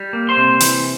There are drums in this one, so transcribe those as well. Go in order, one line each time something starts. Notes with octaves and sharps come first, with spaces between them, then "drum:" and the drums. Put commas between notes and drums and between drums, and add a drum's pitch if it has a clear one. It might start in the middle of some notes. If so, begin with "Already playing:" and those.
Already playing: G3
A#3
C5 C6
C3
E3, drum: hi-hat